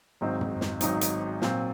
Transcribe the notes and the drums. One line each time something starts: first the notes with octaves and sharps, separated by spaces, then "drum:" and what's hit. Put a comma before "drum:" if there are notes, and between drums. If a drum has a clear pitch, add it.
G#1 G#2 F#3 C4 D#4
drum: tom
drum: snare
G#1 G#2 F#3 C4 D#4, drum: hi-hat
drum: hi-hat
A#2 F#3 C4, drum: snare